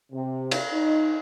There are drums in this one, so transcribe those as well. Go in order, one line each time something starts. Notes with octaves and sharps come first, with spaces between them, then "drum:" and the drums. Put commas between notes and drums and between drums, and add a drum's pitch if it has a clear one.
C3
drum: cymbal
D#4